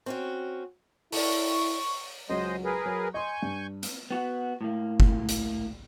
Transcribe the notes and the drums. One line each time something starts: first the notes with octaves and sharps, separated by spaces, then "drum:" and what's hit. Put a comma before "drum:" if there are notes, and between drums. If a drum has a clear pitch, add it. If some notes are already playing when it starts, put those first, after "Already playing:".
C4 C#4 F#4
E4 A4 D5 C#6, drum: open hi-hat
C#2 F#3 G#3 C5 D#5
G#4 A#4 B4
F#3
D#5 G#5 C6 C#6 G6
G2
drum: hi-hat
B3 F#4
A2 A#3
drum: kick
drum: hi-hat